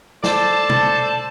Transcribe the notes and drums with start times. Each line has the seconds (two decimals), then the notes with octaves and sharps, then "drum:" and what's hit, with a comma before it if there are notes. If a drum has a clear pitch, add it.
0.24 A4 C5 D5 A5, drum: snare
0.69 drum: tom